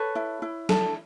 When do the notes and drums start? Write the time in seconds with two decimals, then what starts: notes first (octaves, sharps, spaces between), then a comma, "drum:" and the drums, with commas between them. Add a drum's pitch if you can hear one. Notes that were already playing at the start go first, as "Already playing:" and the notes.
Already playing: A4 B4 C#5
0.15 E4
0.42 E4
0.69 A4, drum: snare